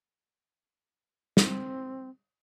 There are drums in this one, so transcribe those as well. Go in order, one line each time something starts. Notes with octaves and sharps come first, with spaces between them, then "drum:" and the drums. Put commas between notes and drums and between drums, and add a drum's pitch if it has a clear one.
C4, drum: snare